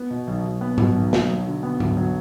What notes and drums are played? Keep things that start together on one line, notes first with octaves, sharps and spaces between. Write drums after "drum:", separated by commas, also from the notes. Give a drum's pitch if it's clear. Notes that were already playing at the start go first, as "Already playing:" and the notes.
Already playing: B3
B2
B1
B1
B3
B2, drum: tom G#2
B1
B1, drum: snare
F#3
D3
B3
D2, drum: tom G#2
F#3